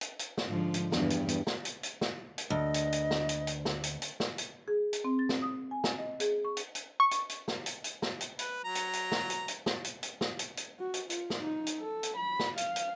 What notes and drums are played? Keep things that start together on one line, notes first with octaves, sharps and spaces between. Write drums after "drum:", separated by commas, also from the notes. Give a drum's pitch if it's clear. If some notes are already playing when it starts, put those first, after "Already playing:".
drum: hi-hat
drum: hi-hat
drum: snare
G#2 D3 F3
drum: hi-hat
E2 G2, drum: snare
drum: hi-hat
drum: hi-hat
drum: snare
drum: hi-hat
drum: hi-hat
drum: snare
drum: hi-hat
D2 D#5
drum: hi-hat
drum: hi-hat
drum: snare
drum: hi-hat
drum: hi-hat
drum: snare
drum: hi-hat
drum: hi-hat
drum: snare
drum: hi-hat
G#4
drum: hi-hat
C4
A6
drum: snare
D#6
G#5
drum: snare
D#5
G#4, drum: hi-hat
C#6
drum: hi-hat
drum: hi-hat
C#6
drum: hi-hat
drum: hi-hat
drum: snare
drum: hi-hat
drum: hi-hat
drum: snare
drum: hi-hat
B4, drum: hi-hat
F#3 A#5
drum: hi-hat
drum: hi-hat
drum: snare
drum: hi-hat
drum: hi-hat
drum: snare
drum: hi-hat
drum: hi-hat
drum: snare
drum: hi-hat
drum: hi-hat
F#4
drum: hi-hat
F4, drum: hi-hat
drum: snare
D#4
drum: hi-hat
A4
drum: hi-hat
B5
drum: snare
F5, drum: hi-hat
drum: hi-hat